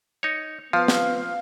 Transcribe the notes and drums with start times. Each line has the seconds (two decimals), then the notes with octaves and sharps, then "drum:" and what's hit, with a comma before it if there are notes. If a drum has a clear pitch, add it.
0.23 D#4 C#5
0.73 F3 B3 F5
0.88 drum: snare